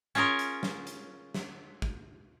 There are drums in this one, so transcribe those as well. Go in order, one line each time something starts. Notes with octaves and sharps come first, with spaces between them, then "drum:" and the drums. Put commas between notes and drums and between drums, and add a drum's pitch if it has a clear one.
C#4 F4 G#4 A#4 C#5
drum: hi-hat
drum: snare
drum: hi-hat
drum: snare
drum: kick